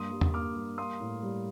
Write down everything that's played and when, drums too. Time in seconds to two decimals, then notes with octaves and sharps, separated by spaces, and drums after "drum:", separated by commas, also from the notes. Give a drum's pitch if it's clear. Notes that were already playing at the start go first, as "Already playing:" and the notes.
Already playing: G2 A#3 C6 D#6
0.11 G3
0.21 drum: tom E2
0.34 A#3 D6 F6
0.56 G3
0.78 A#3 C6 D#6
1.00 A2
1.23 G3